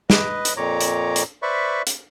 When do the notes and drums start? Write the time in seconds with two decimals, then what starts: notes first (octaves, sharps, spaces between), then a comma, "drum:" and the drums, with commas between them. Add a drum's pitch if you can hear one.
0.10 B4 D#5, drum: snare
0.45 drum: hi-hat
0.57 F2 A#2 C#5 A#5 D6
0.81 drum: hi-hat
1.16 drum: hi-hat
1.42 B4 C5 D5 E5 B5 C#6
1.87 drum: hi-hat